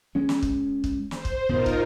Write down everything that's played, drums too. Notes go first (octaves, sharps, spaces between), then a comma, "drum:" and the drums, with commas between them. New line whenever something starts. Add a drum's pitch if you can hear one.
G#3 C#4
drum: snare
drum: kick
drum: kick
C5, drum: snare
drum: kick
G#2 B2 D#4 F4 A#4
drum: kick